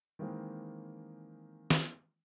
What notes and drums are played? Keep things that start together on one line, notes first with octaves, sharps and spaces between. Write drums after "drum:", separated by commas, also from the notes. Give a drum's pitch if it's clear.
D#3 E3 G#3 A#3 C4
drum: snare